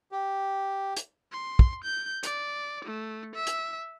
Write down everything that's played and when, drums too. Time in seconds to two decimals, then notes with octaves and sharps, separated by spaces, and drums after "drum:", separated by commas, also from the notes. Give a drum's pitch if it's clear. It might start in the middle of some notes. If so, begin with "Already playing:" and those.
0.12 G4
0.96 drum: hi-hat
1.32 C6
1.59 drum: kick
1.84 G6
2.23 D5, drum: hi-hat
2.85 A3
3.35 E5
3.47 drum: hi-hat